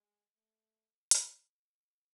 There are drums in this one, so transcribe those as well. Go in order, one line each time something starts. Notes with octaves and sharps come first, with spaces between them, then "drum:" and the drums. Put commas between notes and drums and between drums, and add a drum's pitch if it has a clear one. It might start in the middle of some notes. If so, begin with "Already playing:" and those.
Already playing: G#3
A3
drum: hi-hat